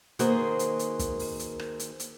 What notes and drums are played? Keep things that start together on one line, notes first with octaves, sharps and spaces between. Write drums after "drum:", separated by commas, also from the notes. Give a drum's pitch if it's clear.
D#3 A#3 F#4 G#4 B4 C5, drum: hi-hat
drum: hi-hat
drum: hi-hat
drum: kick, hi-hat
drum: open hi-hat
drum: hi-hat
drum: rim click
drum: hi-hat
drum: hi-hat